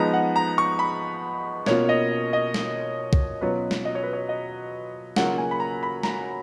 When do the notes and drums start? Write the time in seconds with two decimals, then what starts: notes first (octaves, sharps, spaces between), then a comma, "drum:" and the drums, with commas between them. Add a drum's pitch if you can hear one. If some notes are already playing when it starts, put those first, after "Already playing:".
Already playing: F3 G#3 B3 D#4 A#5
0.13 F#5
0.36 A#5
0.58 C#6
0.79 B5
1.66 B2 A#3 C#4 F4 C#5, drum: snare
1.89 D#5
2.33 D#5
2.54 drum: snare
3.13 drum: kick
3.41 B2 F#3 C#4 F4 B4
3.71 drum: snare
3.85 D#5
3.95 C#5
4.03 B4
4.13 C#5
4.29 D#5
5.16 C#3 F#3 A#3 C#4 F4 F#5, drum: snare
5.38 G#5
5.51 B5
5.60 A#5
5.83 B5
6.03 A#5, drum: snare